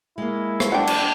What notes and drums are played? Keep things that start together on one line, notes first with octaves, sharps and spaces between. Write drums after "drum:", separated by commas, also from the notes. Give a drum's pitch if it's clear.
G#3 A#3 E4
drum: rim click
D4 F#5 G5
drum: cymbal